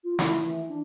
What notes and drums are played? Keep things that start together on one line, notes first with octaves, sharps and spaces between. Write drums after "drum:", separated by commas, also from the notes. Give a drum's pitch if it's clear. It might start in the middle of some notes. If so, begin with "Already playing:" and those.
F4
E4, drum: snare
E3
D4